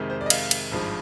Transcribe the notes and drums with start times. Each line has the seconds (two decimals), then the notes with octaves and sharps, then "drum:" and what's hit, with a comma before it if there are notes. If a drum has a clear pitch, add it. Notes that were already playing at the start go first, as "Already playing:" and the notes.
Already playing: F2 C3 D#3 G#3
0.10 C5
0.21 D5
0.26 D#5
0.30 F5, drum: cymbal
0.51 drum: cymbal
0.72 G#1 G2 F3 G#3